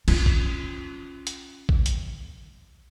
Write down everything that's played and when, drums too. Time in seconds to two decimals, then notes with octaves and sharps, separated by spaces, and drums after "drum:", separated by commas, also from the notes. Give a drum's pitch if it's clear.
0.08 C#4 F4, drum: cymbal
0.26 drum: kick A1
1.27 drum: hi-hat
1.69 drum: kick A1
1.86 drum: hi-hat